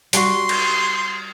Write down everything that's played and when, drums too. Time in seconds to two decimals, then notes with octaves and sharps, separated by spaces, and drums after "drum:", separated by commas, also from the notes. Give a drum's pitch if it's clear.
0.13 G3 F#4 C6, drum: hi-hat
0.49 drum: cymbal